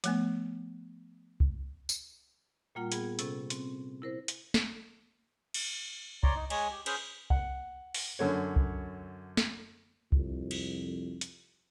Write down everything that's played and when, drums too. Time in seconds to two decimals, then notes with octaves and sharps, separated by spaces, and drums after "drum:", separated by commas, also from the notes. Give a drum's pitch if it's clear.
0.04 F3 A3 B3, drum: hi-hat
1.40 drum: kick C2
1.89 drum: tambourine
2.75 A#2 G3 A#3 F4 F#5
2.92 B3 G#4, drum: hi-hat
3.19 C3 C#4 A4, drum: hi-hat
3.50 C4, drum: hi-hat
4.02 E4 A#4 C5
4.28 drum: hi-hat
4.54 drum: snare
5.54 drum: cymbal
6.23 C#5 D5 A#5 C6, drum: kick C2
6.36 D#4
6.50 G#3 C#5 D#5 G#5, drum: cymbal
6.71 G4
6.86 C#4 G#4 B4 C5, drum: cymbal
7.30 F#5, drum: kick C2
7.94 drum: open hi-hat
8.19 F#2 D3 C#5
8.56 drum: kick C2
9.37 drum: snare
10.12 C2 F2, drum: kick C2
10.51 drum: cymbal
11.21 drum: hi-hat